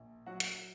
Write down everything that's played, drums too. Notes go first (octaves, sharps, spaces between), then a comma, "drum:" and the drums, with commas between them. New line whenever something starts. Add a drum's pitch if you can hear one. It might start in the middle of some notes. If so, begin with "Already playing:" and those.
Already playing: A#1
F#3 F#4 F#5
drum: hi-hat